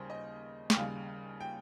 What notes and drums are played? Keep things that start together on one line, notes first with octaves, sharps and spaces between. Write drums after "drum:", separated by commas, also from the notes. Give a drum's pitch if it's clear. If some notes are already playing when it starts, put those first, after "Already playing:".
Already playing: D#2 C#3 G3 C5
D#5
G5, drum: snare
D#2 C#3 G3 F5
G5